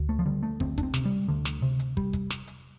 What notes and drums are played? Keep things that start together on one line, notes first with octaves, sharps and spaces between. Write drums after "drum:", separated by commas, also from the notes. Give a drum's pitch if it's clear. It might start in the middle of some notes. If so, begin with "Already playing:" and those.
Already playing: D2
A3
F3
D3 G3
A3
D2 C4, drum: kick
D4, drum: kick, hi-hat
C4
C3, drum: snare
G3
D2 D3
drum: snare
C3
drum: hi-hat
G3, drum: kick
drum: kick, hi-hat
drum: snare
drum: hi-hat